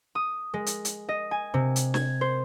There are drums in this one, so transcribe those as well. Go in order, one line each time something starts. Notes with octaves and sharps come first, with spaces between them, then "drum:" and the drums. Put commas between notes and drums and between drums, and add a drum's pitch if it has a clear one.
D#6
G#3
drum: hi-hat
drum: hi-hat
D#5
G#5
C3
drum: hi-hat
G#6, drum: snare
C5